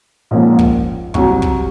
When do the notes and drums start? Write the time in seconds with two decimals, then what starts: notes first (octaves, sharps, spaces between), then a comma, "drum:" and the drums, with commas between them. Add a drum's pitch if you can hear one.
0.31 A#1 G#2 F3 A#3 C#4
0.59 drum: kick
1.14 C2 C3 F#3 C#6, drum: kick
1.42 drum: kick